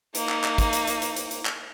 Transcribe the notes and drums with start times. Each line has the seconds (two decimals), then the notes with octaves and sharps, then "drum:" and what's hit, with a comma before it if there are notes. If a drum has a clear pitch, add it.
0.15 A#3 D#4, drum: hi-hat
0.29 drum: clap
0.44 drum: clap
0.58 drum: kick, hi-hat
0.73 drum: hi-hat
0.87 drum: hi-hat
1.02 drum: hi-hat
1.16 drum: hi-hat
1.31 drum: hi-hat
1.45 drum: clap